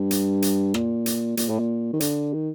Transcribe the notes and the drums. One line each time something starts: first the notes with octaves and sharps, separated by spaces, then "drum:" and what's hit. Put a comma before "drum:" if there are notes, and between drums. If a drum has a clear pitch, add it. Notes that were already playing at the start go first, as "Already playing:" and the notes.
Already playing: G2
drum: hi-hat
drum: hi-hat
A#2, drum: rim click
drum: hi-hat
A#2, drum: hi-hat
A2
A#2
D#3
D3, drum: hi-hat
D#3